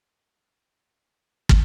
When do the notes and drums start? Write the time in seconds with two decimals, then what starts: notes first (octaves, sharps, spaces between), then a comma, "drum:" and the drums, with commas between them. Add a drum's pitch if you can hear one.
0.10 C4 C#6
1.49 drum: kick